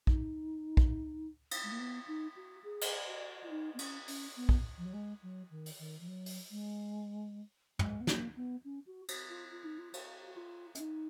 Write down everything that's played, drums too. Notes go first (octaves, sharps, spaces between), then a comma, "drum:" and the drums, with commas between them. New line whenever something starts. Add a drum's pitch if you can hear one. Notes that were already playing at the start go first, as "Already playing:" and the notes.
D#4, drum: kick A#1
drum: kick A#1
drum: cymbal
G#3
A#3
B3
D#4
F#4
G#4
drum: cymbal
F#4
F4
D#4
B3
C#4, drum: cymbal
C#4, drum: open hi-hat
B3
drum: kick A#1
F3
F#3
G#3
F#3
D#3
drum: open hi-hat
D#3
F3
F#3
drum: open hi-hat
G#3
G#3, drum: tom
B3
A#3, drum: snare
B3
C#4
F#4
F#4, drum: cymbal
F4
F4
D#4
F4
F#4, drum: cymbal
F#4
F4
C#4, drum: hi-hat
D#4